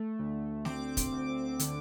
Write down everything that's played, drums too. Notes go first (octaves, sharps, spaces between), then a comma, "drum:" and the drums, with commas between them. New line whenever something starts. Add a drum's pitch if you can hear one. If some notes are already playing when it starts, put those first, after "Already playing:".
Already playing: A3
D2
C4 D6, drum: snare
drum: kick, hi-hat
D2
D3, drum: hi-hat